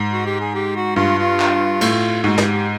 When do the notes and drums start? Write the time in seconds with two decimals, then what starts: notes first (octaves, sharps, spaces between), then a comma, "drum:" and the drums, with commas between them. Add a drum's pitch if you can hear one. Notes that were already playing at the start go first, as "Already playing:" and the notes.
Already playing: G#2
0.12 F#4
0.26 G4
0.40 G#4
0.55 G4
0.76 F#4
0.96 G2 F4
1.19 F4
1.40 drum: clap
1.81 A2, drum: cymbal
2.23 G#2 F#4
2.38 G4, drum: snare
2.52 G4